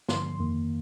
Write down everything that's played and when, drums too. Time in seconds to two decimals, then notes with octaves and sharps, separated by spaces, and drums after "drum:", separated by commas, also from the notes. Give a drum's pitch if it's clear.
0.08 G2 D3 F3 C6, drum: snare
0.39 F2 D#3 A#3